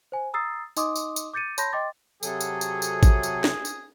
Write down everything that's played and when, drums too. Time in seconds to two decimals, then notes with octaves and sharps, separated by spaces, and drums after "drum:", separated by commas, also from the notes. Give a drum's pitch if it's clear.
0.12 C5 G#5
0.34 A#5 D#6 E6 A6 C7
0.77 D#4 D#5 C6 D6 D#6, drum: tambourine
0.96 drum: tambourine
1.16 drum: tambourine
1.33 D6 G6 A6 C#7 D#7
1.58 C#5 A5 B5 C6 G6 A#6, drum: tambourine
1.73 D#5 G5 C6 D6 A6
2.23 C3 F#3 G#4 A4, drum: tambourine
2.41 drum: tambourine
2.61 drum: tambourine
2.82 drum: tambourine
3.03 drum: kick, tambourine
3.23 drum: tambourine
3.44 drum: snare
3.65 drum: tambourine